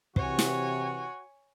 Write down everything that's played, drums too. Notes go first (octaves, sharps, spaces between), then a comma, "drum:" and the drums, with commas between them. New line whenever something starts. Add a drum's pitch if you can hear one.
C3 E3 F#4 C#5 G#5, drum: kick
drum: snare